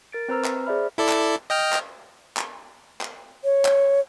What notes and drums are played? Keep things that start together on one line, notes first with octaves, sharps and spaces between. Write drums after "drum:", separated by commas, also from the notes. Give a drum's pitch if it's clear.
A#4 A6 D7
C4 B4 C5 A#5 E6 F6
drum: clap
G#4 C5 D5 E5 B5 F6
E4 A4 D5
drum: clap
D#5 G5 F6
drum: clap
drum: clap
drum: clap
C#5
drum: clap